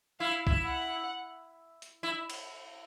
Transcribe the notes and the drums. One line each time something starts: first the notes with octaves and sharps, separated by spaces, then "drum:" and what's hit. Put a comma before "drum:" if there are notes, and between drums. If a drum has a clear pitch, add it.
E4 F5
E4, drum: kick C2
F#5
drum: hi-hat
E4
drum: cymbal